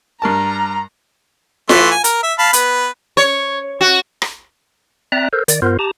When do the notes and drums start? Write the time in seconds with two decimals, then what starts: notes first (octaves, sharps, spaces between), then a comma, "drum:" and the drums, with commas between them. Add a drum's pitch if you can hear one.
0.22 G2 A#4 A5 A#5
1.69 E3 A3 C6, drum: snare F4
1.91 G#5
2.04 A#4, drum: hi-hat
2.23 E5
2.38 F5 A5 B5
2.53 B3 B4, drum: hi-hat
3.17 C#5
3.81 F#4
4.22 drum: rim click
5.12 C4 D5 E5 A#5 F#6
5.33 A4 A#4 C5
5.48 D#3 D5, drum: hi-hat
5.62 G2 B3 F4 A#4 C5
5.79 G4 A5 A#5